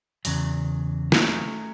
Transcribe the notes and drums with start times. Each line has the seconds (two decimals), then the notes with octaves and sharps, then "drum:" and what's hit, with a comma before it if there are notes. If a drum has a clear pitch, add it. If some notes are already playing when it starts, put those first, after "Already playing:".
0.25 E2 C#3 F#3, drum: open hi-hat
1.12 F#3 A3 C#4, drum: snare